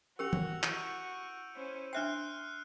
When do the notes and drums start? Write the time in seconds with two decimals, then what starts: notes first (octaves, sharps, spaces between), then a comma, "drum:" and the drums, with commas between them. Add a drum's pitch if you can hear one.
0.19 C#4 F#4 G4 A#4 E6 C#7 F7
0.33 drum: tom E3
0.63 E4 F#4 C#6 G6 D7 D#7, drum: clap
1.55 C#4 E4 C5
1.93 D4 E5 G5 C6 F6 F#6 C7